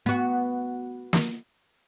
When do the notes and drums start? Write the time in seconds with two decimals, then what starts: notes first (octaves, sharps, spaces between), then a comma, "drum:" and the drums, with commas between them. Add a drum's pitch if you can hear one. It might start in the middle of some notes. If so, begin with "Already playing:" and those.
0.06 B3 F#4
1.13 drum: snare